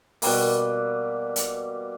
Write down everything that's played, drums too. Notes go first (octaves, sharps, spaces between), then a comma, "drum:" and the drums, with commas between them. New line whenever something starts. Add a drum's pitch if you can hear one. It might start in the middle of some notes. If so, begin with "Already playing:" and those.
B2 G3 A#3, drum: open hi-hat
drum: hi-hat